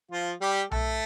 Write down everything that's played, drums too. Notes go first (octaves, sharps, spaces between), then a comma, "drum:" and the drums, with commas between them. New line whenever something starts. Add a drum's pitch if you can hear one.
F3 F4
G3 G4
A3 A4, drum: tom B1